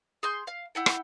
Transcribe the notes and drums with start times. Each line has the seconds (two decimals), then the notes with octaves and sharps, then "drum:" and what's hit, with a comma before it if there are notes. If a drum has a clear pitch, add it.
0.23 G#4 C6 G6
0.47 F5
0.75 E4 F#5 G5
0.86 drum: rim click